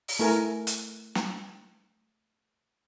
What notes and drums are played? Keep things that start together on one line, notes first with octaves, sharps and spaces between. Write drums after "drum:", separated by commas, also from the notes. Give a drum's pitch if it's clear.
drum: open hi-hat
A3 E4 A#4 G#5 A#5
drum: hi-hat
drum: snare